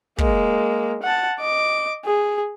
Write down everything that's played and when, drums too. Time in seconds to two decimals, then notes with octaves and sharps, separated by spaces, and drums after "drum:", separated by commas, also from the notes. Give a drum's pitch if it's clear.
0.18 G#3 A#3, drum: kick
1.03 F#5 A5
1.39 D#5 D6
2.05 G#4